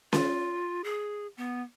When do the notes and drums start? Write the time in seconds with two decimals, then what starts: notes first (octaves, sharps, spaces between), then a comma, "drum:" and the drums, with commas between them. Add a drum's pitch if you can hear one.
0.13 F4, drum: snare C#4
0.84 G#4
1.37 B3